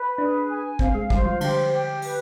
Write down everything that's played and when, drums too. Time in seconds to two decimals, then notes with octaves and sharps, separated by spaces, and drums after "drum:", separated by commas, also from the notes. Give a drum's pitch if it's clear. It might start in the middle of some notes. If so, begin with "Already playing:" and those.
Already playing: B4
0.18 D4 G#4
0.49 G#5
0.79 C4 F5, drum: kick
0.95 G#3
1.10 G3 C5, drum: kick
1.26 F3
1.41 D3 G4, drum: cymbal
1.71 G4
2.02 B4, drum: open hi-hat